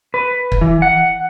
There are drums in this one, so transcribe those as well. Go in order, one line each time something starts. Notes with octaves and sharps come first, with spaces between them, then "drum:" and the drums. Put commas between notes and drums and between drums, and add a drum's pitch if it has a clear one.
B4
drum: kick
E3
F#5